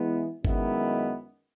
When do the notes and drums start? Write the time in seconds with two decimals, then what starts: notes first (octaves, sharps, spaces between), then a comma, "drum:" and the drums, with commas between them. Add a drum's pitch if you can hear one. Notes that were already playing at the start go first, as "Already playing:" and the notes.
Already playing: E3 G#3 B3 E4
0.45 F#2 D#3 G#3 B3 E4, drum: kick